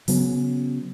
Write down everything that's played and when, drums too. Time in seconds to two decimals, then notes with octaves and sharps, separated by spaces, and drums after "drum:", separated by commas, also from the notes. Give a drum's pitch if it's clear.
0.08 C#3 F#3 B3 C#4, drum: open hi-hat